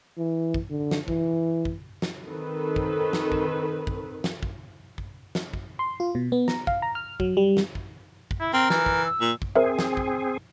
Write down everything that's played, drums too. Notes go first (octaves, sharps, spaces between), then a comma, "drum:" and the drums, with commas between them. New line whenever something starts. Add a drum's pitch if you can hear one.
E3
drum: kick
D3
drum: snare
E3, drum: kick
drum: kick
drum: snare
D#3 C4 A4 B4
drum: kick
drum: snare
drum: kick
drum: kick
drum: snare
drum: kick
drum: kick
drum: snare
drum: kick
C6
F4
B2
B3
A#5, drum: snare
F5, drum: kick
A#5
F6
F#3, drum: kick
G3
drum: snare
drum: kick
drum: kick
E4
C4 A#4
E3, drum: snare
drum: kick
E6
A#2
drum: kick
C4 G#4 A#4 C5 E5
drum: snare
drum: kick